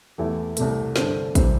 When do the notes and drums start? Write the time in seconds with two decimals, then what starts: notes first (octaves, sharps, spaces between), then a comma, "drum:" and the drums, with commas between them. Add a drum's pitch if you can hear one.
0.18 E2 E3 A3 E4 G4
0.57 C2 C3 A3, drum: hi-hat
0.96 G2 D3 C4 A4, drum: snare
1.35 C3 E3 G3 C4, drum: kick, hi-hat